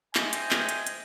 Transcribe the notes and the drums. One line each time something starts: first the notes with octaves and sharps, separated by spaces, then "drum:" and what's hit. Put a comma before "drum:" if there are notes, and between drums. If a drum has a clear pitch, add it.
C5 D#5 E5 G5 G#5, drum: clap
drum: hi-hat
drum: clap
drum: hi-hat
drum: hi-hat